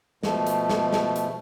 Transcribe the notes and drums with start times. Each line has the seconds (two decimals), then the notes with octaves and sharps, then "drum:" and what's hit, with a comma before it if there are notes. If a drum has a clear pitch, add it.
0.23 B2 F3 A3, drum: snare
0.46 drum: hi-hat
0.70 drum: snare
0.93 drum: snare
1.16 drum: hi-hat